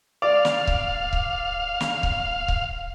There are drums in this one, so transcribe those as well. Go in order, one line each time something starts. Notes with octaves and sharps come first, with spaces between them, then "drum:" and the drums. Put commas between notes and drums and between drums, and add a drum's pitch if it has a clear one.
D5 F5
drum: snare
drum: kick C#1
drum: kick C#1
drum: snare
drum: kick C#1
drum: kick C#1